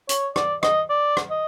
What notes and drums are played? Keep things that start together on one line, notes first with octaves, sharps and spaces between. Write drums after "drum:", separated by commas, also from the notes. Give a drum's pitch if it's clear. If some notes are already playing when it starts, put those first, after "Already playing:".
C#5, drum: hi-hat
D5, drum: rim click
D#5, drum: rim click
D5
drum: rim click
D#5